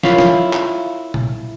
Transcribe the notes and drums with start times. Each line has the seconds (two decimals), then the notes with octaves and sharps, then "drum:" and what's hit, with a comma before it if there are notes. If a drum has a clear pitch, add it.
0.03 E4 F4 A#4 C#5 E5 F5, drum: snare
0.18 drum: snare
0.53 drum: clap
1.14 drum: tom A#2